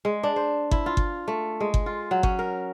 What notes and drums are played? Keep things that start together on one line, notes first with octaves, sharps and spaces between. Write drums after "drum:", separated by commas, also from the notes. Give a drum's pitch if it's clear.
G#3
D4
C5
E4, drum: kick G1
F4
drum: kick G1
A3
G#3
drum: kick G1
F4
F#3
C#4, drum: kick G1
A#4